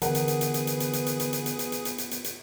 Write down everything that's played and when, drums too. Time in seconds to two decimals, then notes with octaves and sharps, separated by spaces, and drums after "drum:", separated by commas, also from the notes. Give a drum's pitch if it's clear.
0.02 D3 E3 B3 G#4 A#4 B4 F#5 D#6, drum: hi-hat
0.15 drum: hi-hat
0.28 drum: hi-hat
0.41 drum: hi-hat
0.54 drum: hi-hat
0.67 drum: hi-hat
0.80 drum: hi-hat
0.93 drum: hi-hat
1.06 drum: hi-hat
1.20 drum: hi-hat
1.33 drum: hi-hat
1.46 drum: hi-hat
1.59 drum: hi-hat
1.72 drum: hi-hat
1.85 drum: hi-hat
1.98 drum: hi-hat
2.11 drum: hi-hat
2.24 drum: hi-hat